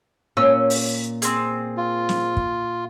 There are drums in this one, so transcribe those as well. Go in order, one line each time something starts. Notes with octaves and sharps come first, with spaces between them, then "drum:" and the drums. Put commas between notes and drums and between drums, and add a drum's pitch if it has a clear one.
A#2 C#4 E6
drum: open hi-hat
C4 G#4, drum: hi-hat
F4
drum: snare
drum: kick